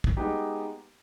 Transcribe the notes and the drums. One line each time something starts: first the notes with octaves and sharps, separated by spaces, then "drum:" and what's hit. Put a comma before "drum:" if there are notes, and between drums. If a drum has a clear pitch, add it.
drum: kick
G#3 B3 D#4 G4